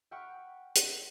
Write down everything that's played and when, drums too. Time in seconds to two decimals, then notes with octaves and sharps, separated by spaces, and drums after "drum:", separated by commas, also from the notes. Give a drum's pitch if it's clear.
0.11 E5 F#5 G5 B5 C#6 F6
0.75 drum: hi-hat